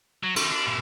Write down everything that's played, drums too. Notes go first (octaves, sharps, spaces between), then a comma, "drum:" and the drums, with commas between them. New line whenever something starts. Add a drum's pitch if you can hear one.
F#3
D#3, drum: cymbal
D4
A#2 E4